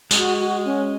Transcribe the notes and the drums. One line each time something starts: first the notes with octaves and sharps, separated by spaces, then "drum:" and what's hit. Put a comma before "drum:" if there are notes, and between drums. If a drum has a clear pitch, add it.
G#3, drum: tambourine
F#4
F#4
C#4